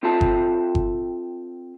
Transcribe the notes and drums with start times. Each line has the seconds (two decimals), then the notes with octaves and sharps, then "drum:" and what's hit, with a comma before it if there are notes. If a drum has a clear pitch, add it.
0.03 C4 F4 A4 E5 G5 A5
0.21 drum: kick G1
0.75 drum: kick G1